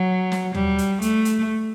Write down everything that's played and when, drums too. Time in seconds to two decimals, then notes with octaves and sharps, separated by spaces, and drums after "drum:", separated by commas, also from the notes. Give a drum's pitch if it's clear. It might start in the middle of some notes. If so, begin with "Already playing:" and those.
Already playing: F#3
0.32 drum: snare
0.55 G3, drum: tom
0.78 drum: hi-hat
1.02 A3, drum: hi-hat
1.25 drum: hi-hat